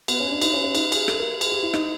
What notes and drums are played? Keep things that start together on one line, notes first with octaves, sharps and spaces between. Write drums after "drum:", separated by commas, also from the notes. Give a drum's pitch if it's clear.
B3, drum: cymbal
C#4
D4
D#4, drum: cymbal
C#4
C#4
D#4, drum: cymbal
G#4, drum: cymbal
A4, drum: rim click
A#4
G#4, drum: cymbal
G4
E4
D#4, drum: rim click